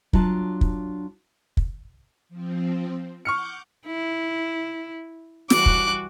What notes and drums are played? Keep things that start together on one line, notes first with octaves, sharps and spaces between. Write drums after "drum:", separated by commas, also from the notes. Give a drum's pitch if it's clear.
F#3 D4 F4 A5, drum: kick
drum: kick
drum: kick
F3 C4
F#5 C#6 D6 F6 G6 C#7
E4
E3 G3 F#4 D6 F#6, drum: snare
drum: kick